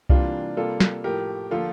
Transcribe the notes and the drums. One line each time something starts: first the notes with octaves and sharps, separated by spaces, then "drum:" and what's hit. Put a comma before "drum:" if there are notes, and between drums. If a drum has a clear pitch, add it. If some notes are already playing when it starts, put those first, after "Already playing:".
C3 E3 G3 A#3 D4 F4, drum: kick C2
C3 G3 A#3 F4 A4
drum: snare
A2 F3 A3 G4 A#4
D3 F3 A#3 F4 A4